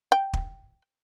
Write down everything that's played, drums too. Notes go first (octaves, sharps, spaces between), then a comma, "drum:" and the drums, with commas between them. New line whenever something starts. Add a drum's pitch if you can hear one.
G5
drum: kick